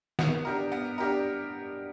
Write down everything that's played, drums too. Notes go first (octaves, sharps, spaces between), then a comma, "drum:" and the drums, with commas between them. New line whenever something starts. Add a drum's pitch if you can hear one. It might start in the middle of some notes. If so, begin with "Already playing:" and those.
B3, drum: snare
D4 G4 A#4
B3
D4 G4 A#4